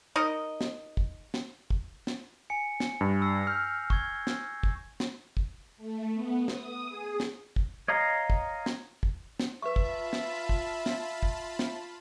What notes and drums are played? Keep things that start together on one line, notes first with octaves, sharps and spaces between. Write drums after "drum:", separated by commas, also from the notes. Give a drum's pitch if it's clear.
D#4 A#4 D#5
drum: snare
drum: kick
drum: snare
drum: kick
drum: snare
G#5 C#7
drum: snare
G2
E6 A#6 C7
E6 F6 G6
C#6 G#6, drum: kick
drum: snare
drum: kick
drum: snare
drum: kick
A3
B3
D#6, drum: snare
G#4
drum: snare
drum: kick
C#5 D#5 F5 A#5
drum: kick
drum: snare
drum: kick
drum: snare
F4 B4 E5 A5 B5 C#6
drum: kick
drum: snare
drum: kick
drum: snare
drum: kick
drum: snare